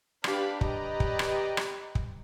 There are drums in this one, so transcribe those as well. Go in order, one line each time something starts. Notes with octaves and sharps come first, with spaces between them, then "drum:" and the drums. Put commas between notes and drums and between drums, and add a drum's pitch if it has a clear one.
D4 G4 B4 D5 F5 B5, drum: rim click
G4 B4 D5 D#5 A#5, drum: kick
drum: kick
drum: rim click
drum: rim click
drum: kick